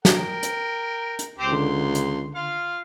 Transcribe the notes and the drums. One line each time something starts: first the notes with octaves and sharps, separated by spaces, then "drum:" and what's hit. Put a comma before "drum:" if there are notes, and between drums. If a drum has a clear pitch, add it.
A#4 G5, drum: snare
drum: hi-hat
drum: hi-hat
C#2 C4 G4 C5
D3 C6
drum: hi-hat
F4 F5